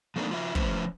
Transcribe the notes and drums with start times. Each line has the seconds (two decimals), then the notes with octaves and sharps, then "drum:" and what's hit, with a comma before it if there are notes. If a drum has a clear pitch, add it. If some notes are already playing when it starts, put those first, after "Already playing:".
0.16 F3 A3 A#3 C4 D4 D#4
0.30 F3 F4 F#4 E5
0.55 F3 A3 C#4 E4 B4 C5, drum: kick